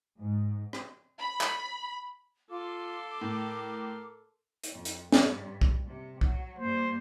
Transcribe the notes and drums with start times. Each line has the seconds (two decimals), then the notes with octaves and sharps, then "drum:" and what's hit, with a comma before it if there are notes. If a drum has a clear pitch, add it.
0.20 G#2
0.73 drum: rim click
1.20 B5
1.41 drum: clap
2.51 F4 A4 C6 D6
3.21 A2 A#4
4.64 drum: hi-hat
4.73 F2
4.85 drum: hi-hat
5.12 G2, drum: snare
5.61 drum: kick B1
5.86 C3
6.21 F#3, drum: kick B1
6.59 G2 A#3 C5